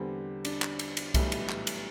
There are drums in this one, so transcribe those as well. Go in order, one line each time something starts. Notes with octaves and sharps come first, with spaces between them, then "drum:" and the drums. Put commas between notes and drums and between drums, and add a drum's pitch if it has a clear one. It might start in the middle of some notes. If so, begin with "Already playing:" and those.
Already playing: E2 D3 G3 C4
D4, drum: cymbal
drum: clap
drum: cymbal
drum: cymbal
B1 A2 E3 G3, drum: kick C2, cymbal
drum: cymbal
drum: clap
drum: cymbal